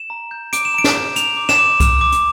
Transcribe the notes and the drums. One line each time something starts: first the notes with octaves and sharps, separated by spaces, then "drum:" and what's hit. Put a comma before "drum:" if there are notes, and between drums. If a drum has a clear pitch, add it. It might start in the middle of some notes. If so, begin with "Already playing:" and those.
Already playing: E7
A#5
G6
D6 D7, drum: hi-hat
E7
A#5 D7
drum: snare
G6
A#5 F7, drum: hi-hat
D6
E7, drum: snare
D6
D6, drum: kick C2, hi-hat
D6
drum: hi-hat